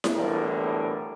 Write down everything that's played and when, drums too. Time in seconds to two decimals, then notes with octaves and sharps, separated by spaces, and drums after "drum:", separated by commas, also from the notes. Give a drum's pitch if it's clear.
0.04 drum: snare E4
0.17 A#1 E2 A2 D3 G3 A#4